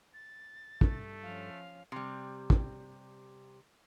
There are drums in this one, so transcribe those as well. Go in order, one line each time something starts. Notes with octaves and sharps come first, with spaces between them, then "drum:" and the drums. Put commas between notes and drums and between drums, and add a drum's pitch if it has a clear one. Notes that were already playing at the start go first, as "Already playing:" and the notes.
A6
G2 A3 A4, drum: kick
F3 C#4 F5
C3 G3
drum: kick